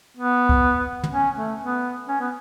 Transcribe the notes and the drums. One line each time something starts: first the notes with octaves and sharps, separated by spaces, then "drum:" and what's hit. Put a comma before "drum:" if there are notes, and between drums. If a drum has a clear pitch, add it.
B3
drum: kick C2
drum: tom
C#4
A3
B3
C#4
B3